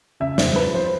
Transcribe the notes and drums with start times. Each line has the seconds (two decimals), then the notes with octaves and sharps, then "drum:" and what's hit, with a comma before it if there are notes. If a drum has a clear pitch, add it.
0.20 C#3 E5
0.38 E2 C5, drum: snare
0.56 F3 B4
0.75 C5